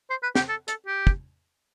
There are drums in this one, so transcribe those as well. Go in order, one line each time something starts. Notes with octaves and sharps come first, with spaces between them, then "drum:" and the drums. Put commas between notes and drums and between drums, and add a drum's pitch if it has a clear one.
C5
B4
G4, drum: snare
A4
A4, drum: hi-hat
G4
drum: kick